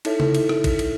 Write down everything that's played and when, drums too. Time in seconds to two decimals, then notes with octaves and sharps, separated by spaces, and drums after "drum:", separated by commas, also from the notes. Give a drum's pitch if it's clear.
0.05 D#4 E4 A4 C#5 E5, drum: cymbal
0.20 drum: tom C#3
0.35 drum: cymbal
0.49 drum: rim click
0.64 drum: kick A1, cymbal
0.79 drum: cymbal